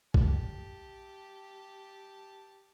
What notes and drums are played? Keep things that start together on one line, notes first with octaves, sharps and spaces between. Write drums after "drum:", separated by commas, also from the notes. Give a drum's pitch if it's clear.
G4 A5, drum: kick